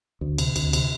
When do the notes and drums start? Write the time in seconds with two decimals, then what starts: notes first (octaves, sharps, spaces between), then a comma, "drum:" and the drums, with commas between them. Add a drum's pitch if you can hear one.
0.21 D2
0.38 C3, drum: cymbal
0.56 D2, drum: cymbal
0.73 C3, drum: cymbal